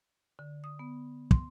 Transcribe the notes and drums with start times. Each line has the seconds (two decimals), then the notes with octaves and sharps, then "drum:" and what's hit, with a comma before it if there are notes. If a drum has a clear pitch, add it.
0.39 D3
0.64 D#6
0.79 B3
1.31 C6, drum: kick